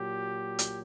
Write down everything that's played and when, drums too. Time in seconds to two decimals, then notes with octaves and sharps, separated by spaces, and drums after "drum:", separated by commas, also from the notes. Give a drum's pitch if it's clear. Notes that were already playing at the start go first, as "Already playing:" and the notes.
Already playing: A#2 F#3 G4
0.59 drum: hi-hat